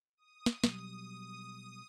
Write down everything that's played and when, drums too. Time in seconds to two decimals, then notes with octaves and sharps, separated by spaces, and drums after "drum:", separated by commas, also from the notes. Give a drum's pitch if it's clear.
0.17 D#6
0.46 drum: snare
0.64 B2 F#3 G3, drum: snare